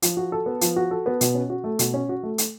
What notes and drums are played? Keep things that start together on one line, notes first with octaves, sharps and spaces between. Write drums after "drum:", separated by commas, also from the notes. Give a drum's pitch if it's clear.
F3, drum: hi-hat
F#4
A4
B3
F3, drum: hi-hat
F#4
A4
B3
B2, drum: hi-hat
C#4
F#4
A3
B2, drum: hi-hat
C#4
F#4
A3
drum: hi-hat